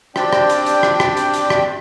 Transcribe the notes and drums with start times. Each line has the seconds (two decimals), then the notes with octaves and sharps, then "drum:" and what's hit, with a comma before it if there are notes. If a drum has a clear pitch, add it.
0.16 C4 D4 G4 D5 G5, drum: rim click
0.33 drum: rim click
0.49 drum: hi-hat
0.66 drum: hi-hat
0.83 drum: rim click
1.00 drum: rim click
1.17 drum: hi-hat
1.34 drum: hi-hat
1.50 drum: rim click